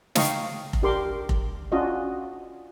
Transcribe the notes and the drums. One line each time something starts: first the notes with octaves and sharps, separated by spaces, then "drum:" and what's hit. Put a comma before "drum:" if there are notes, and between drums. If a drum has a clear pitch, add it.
D#5 F5 G5 A#5 C#6, drum: snare
drum: kick F1
D4 G4 A#4 C6 D6
drum: kick F1
C#4 D4 F4 F#4 D#5